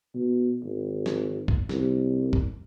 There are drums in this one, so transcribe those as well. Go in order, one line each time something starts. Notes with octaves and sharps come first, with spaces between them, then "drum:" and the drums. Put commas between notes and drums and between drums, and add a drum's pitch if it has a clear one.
B2
G#1
drum: snare
drum: kick
C2, drum: snare
drum: kick